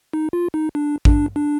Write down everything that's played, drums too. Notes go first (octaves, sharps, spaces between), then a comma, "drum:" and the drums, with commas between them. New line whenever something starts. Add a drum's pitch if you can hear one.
D#4
F4
D#4
D4
D4, drum: kick
D4